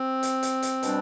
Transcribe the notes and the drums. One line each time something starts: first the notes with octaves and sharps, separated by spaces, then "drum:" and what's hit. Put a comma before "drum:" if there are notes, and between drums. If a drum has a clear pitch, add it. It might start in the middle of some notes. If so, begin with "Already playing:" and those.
Already playing: C4
drum: hi-hat
drum: hi-hat
drum: hi-hat
B2 G3 D4, drum: hi-hat